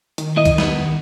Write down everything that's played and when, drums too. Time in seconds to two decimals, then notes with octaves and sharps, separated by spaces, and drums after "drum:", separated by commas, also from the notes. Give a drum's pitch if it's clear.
0.18 D#3, drum: hi-hat
0.36 A#2 E4 D#5
0.45 drum: kick C2, hi-hat
0.58 B3, drum: snare
0.81 D#3